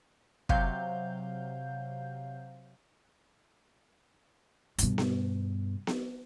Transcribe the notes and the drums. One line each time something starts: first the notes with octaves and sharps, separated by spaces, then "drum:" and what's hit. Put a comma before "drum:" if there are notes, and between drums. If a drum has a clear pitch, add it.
C3 F#3 F5 G6, drum: kick
G2 B2, drum: hi-hat
drum: snare B3
drum: snare B3